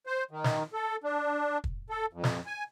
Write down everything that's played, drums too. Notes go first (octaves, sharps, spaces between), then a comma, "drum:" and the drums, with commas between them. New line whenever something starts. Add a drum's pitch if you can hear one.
C5
D#3
drum: snare
A4
D4
drum: kick
A4
F2
drum: snare
G#5